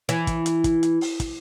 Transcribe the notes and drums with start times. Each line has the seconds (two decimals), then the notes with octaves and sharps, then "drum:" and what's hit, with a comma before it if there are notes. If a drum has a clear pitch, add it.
0.09 E3, drum: hi-hat
0.27 drum: kick, hi-hat
0.46 drum: hi-hat
0.64 drum: kick, hi-hat
0.83 drum: hi-hat
1.01 drum: open hi-hat
1.20 drum: kick, hi-hat